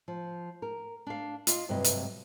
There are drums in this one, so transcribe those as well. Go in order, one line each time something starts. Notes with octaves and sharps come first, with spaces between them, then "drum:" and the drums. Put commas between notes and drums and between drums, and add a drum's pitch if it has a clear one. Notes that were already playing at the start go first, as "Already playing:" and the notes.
F3
A#4
D4 F5
F4 D#5 F5, drum: hi-hat
D2 G2 C3 F#3 B4 D#5
drum: hi-hat